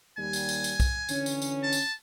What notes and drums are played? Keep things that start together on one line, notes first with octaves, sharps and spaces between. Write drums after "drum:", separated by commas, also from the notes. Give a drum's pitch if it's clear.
D#2 G3 G#5
drum: tambourine
drum: tambourine
drum: tambourine
drum: kick B1, tambourine
D3 E3 C#4, drum: tambourine
drum: tambourine
drum: tambourine
A5
drum: tambourine